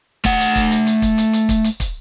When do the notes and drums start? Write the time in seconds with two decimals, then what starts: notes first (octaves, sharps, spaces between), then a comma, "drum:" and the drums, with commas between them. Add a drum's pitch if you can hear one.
0.25 A3 F#5, drum: kick, hi-hat
0.40 drum: hi-hat
0.56 drum: kick, hi-hat
0.71 drum: hi-hat
0.87 drum: hi-hat
1.02 drum: kick, hi-hat
1.18 drum: hi-hat
1.33 drum: hi-hat
1.49 drum: kick, hi-hat
1.64 drum: hi-hat
1.80 drum: kick, hi-hat